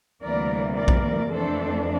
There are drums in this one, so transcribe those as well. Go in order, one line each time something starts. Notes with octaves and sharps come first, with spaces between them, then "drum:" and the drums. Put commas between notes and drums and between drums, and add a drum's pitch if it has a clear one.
D2 C3 E3 G3 A#3 A#4 D5
A#4 D5
drum: kick A#1
F2 E3 A3 D4 A4 C5